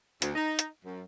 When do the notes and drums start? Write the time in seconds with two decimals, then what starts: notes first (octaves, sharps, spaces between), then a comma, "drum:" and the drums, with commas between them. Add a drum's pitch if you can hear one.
0.22 D2, drum: hi-hat
0.35 D#4
0.59 drum: hi-hat
0.84 F#2